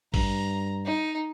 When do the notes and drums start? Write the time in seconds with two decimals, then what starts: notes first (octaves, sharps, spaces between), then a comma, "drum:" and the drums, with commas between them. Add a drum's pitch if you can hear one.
0.14 G2 A#5, drum: kick A1, open hi-hat
0.85 D#4